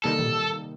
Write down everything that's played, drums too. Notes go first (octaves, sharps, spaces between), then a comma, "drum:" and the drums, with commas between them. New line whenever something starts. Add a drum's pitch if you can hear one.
C3 D#3 G3 A#3 D#4 A4
drum: tom